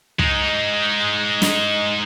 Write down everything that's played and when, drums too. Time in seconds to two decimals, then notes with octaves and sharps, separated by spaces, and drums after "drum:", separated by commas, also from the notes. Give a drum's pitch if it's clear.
0.19 G#3 D#4, drum: kick
1.42 drum: snare